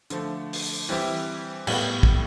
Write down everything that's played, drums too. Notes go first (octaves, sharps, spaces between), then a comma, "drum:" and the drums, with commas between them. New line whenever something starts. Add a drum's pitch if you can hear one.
D3 F3 A3, drum: hi-hat
drum: open hi-hat
E3 G3 C4 E4 G4
A2 G3 B3, drum: cymbal
drum: kick